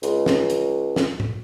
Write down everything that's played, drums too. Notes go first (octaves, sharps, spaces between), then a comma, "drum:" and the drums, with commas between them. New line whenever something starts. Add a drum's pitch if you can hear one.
C#2, drum: hi-hat
drum: snare
drum: hi-hat
drum: snare
drum: tom